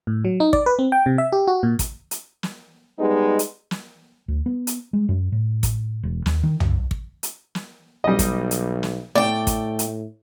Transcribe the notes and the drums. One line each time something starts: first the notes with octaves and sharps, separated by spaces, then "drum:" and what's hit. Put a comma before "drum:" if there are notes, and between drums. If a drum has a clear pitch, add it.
A2
F#3
D#4
D5, drum: kick
B4
C4
G5
C3
E5
G4
F#4
A#2
drum: kick, hi-hat
drum: hi-hat
drum: snare
G3 G#3 B3 D#4
drum: hi-hat
drum: snare
D2
B3
drum: hi-hat
G#3
F#2
A2
drum: kick, hi-hat
E1
D#2, drum: snare
D#3
F#2, drum: tom
drum: kick
drum: hi-hat
drum: snare
B1 G3 D#5
drum: kick, hi-hat
drum: hi-hat
drum: snare
A2 A3 D5 G5
drum: kick, hi-hat
drum: hi-hat